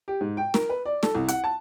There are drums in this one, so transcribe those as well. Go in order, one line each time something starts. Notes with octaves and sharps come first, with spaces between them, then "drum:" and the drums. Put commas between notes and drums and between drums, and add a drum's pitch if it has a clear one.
G4
G#2
G5
A#4, drum: snare
B4
D5
A4, drum: snare
C2
F#5, drum: hi-hat
A5